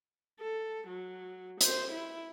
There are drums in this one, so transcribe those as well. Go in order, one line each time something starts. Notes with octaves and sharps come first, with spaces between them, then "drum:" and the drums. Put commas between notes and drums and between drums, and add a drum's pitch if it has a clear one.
A4
F#3
C5, drum: hi-hat
E4